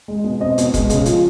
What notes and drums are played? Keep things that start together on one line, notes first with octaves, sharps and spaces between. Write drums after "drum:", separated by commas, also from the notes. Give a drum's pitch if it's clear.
G#3
B2
C4 D#5
B2, drum: hi-hat
G#3, drum: kick, hi-hat
C#3, drum: hi-hat
F3, drum: hi-hat